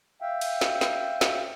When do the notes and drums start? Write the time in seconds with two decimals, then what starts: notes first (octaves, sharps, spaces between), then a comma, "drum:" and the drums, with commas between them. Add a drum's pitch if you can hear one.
0.21 E5 F5 G5
0.41 drum: cymbal
0.61 drum: snare
0.81 drum: snare
1.21 drum: snare